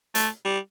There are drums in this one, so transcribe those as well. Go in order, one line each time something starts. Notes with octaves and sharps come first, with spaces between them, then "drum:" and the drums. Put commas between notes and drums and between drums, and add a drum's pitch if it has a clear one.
A3, drum: hi-hat
G3